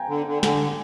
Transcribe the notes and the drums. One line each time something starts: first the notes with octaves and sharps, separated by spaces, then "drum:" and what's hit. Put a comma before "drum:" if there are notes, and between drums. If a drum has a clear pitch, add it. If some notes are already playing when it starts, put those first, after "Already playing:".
Already playing: G5 G#5 A#5
D3
D3
D3 G#5, drum: snare